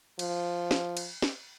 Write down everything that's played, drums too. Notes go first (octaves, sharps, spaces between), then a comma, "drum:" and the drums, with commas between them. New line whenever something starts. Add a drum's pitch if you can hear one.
F3, drum: cymbal
drum: snare
drum: cymbal
drum: snare